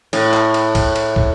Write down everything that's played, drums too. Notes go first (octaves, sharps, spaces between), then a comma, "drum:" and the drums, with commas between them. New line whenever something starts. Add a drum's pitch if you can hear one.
A2, drum: cymbal
drum: clap
drum: cymbal
drum: kick, cymbal
drum: cymbal
drum: kick